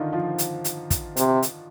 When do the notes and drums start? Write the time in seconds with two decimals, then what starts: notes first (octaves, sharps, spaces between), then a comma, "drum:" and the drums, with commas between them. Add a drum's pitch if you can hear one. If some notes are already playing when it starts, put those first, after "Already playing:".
Already playing: D3 D#3 D4 D#4 F4
0.13 F3 F4
0.38 drum: hi-hat
0.64 drum: hi-hat
0.90 drum: kick, hi-hat
1.17 C3, drum: hi-hat
1.42 drum: hi-hat